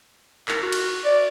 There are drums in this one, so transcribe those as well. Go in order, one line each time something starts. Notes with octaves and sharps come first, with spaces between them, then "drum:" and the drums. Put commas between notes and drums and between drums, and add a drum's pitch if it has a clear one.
A#4, drum: clap
F#4
drum: cymbal
D5